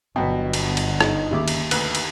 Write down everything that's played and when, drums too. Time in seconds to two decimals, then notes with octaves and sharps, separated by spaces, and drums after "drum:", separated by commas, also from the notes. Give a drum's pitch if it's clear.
0.16 G1 B2 F#3 B3 G5
0.53 drum: cymbal
0.77 drum: cymbal
1.01 D#4, drum: rim click
1.31 D#2 C#3 E5 D6
1.48 drum: cymbal
1.71 D2 B4 F#6, drum: cymbal
1.95 drum: cymbal